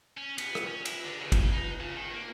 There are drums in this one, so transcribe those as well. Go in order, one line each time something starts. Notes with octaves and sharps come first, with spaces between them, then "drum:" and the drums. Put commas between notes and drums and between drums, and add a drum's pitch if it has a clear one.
C#4
B3, drum: cymbal
drum: rim click
C#4
E4, drum: cymbal
D3
C#3
C#3, drum: kick, cymbal
D#4
C#3
D#3
A#3